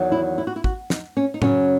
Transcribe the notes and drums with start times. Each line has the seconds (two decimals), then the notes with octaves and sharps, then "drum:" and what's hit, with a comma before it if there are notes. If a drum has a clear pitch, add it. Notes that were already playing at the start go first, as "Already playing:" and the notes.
Already playing: E2 D#3 F#3
0.12 E4
0.38 E4
0.47 F#4
0.56 E4
0.64 F#4, drum: kick
0.90 D#4, drum: snare
1.17 C#4
1.34 D#4
1.42 F#2 C#3 F#3 C#4, drum: tom A2